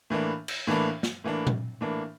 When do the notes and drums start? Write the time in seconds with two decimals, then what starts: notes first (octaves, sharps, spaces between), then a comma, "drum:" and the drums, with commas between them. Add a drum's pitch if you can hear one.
0.10 A2 E3 A#3 D4
0.48 drum: cymbal
0.67 A2 E3 A#3 D4
1.03 drum: snare
1.24 A2 E3 A#3 D4
1.47 drum: tom A#2
1.81 A2 E3 A#3 D4